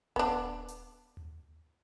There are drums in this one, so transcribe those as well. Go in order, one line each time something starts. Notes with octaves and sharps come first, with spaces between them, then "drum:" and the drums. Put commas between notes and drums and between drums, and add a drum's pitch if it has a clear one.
B3 D4, drum: kick D#1
drum: hi-hat
drum: tom D#2